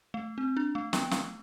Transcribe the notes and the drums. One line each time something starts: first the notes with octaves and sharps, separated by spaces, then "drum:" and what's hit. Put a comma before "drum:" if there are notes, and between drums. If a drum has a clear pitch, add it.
A3
C4
D4
A3
B3, drum: snare
A3, drum: snare